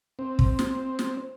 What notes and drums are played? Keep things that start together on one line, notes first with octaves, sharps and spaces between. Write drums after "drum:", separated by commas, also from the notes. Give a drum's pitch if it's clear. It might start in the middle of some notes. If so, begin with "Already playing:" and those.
C4
drum: kick
drum: snare
drum: snare